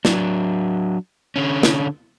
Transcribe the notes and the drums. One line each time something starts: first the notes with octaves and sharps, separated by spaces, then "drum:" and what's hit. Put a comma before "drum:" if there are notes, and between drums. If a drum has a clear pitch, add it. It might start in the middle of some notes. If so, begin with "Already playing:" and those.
F#3 D4, drum: snare
D3 C#4
drum: snare